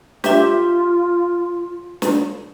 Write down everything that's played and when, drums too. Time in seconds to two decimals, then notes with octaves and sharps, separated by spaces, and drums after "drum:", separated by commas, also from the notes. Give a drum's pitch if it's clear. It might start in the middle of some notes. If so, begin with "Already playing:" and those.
0.24 F4 G4 E5, drum: snare
2.02 drum: snare